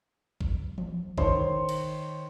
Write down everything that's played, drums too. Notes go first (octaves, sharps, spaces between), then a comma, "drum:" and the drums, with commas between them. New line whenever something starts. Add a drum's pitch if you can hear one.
drum: kick G#1
drum: tom E3
D#3 C5 C#5 C6, drum: kick G#1
drum: cymbal